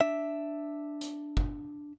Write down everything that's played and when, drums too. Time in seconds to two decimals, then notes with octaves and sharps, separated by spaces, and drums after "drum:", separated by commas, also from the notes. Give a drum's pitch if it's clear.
0.01 D4 E5
1.01 drum: hi-hat
1.37 drum: kick